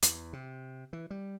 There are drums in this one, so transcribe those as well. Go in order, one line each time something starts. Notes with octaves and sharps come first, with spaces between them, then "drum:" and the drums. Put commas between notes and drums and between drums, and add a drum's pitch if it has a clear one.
E2, drum: hi-hat
C3
E3
G3